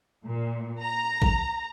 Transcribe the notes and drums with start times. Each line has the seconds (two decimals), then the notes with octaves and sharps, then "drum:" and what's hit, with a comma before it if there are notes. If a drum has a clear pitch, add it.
0.24 A#2
0.80 A#5
1.22 drum: kick A1